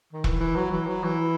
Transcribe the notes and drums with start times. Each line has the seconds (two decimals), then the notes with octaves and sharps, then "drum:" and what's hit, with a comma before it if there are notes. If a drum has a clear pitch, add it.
0.13 D#3
0.24 E3, drum: kick E1
0.40 E3
0.56 F#3
0.72 E3
0.87 F#3
1.04 E3